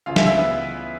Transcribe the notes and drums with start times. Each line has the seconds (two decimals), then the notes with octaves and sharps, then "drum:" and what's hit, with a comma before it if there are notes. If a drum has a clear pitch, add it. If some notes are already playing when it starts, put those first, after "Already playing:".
0.06 C#2 C#3 E3 F4 F5
0.16 E4 E5, drum: snare
0.26 E4 E5
0.37 B3 B4